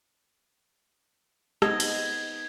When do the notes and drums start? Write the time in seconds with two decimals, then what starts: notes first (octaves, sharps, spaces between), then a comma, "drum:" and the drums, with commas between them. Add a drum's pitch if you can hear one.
1.62 B3 C4 D#4 D#5 G#6, drum: rim click
1.80 drum: cymbal